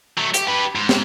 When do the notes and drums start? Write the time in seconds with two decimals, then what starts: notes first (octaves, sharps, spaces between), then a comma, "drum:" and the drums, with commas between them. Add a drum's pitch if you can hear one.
0.18 F#3 A3
0.34 G4, drum: hi-hat
0.47 G4 B4
0.75 G#2
0.89 drum: snare